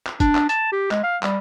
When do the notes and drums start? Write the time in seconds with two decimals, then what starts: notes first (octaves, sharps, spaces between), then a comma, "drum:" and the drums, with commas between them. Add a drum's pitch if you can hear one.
0.06 drum: clap
0.20 D4, drum: kick, hi-hat
0.35 drum: clap
0.49 A5, drum: hi-hat
0.72 G4
0.91 G#3, drum: clap
1.03 F5
1.23 G3, drum: clap